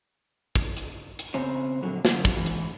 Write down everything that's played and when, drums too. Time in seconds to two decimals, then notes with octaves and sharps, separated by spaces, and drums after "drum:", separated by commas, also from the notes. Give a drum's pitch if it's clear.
0.55 drum: kick
0.77 drum: hi-hat
1.19 drum: hi-hat
1.34 C#3 B3 C4 C5 C#5
1.83 F2 A#2 D3 F#3
2.05 F#2 D3 F#3, drum: snare
2.25 drum: kick
2.37 G#2 E3
2.46 drum: hi-hat